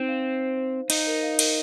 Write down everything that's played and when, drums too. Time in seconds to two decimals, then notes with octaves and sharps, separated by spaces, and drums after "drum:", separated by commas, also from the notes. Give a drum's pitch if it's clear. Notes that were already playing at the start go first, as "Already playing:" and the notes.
Already playing: C4 D#4
0.08 F5
0.25 C5
0.40 C5
0.57 C5
0.73 C5
0.90 D#4 F5, drum: cymbal
1.07 A#4
1.23 F5
1.39 A#4, drum: cymbal